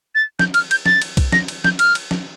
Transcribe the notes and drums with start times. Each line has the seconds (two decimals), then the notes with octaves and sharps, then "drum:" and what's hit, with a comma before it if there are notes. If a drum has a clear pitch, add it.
0.15 A6
0.39 G6, drum: snare
0.54 F6, drum: cymbal
0.71 G6, drum: cymbal
0.86 A6, drum: snare
1.02 drum: cymbal
1.17 drum: kick B1, cymbal
1.32 A#6, drum: snare
1.48 drum: cymbal
1.64 G6, drum: snare
1.79 F6, drum: cymbal
1.95 drum: cymbal
2.11 drum: snare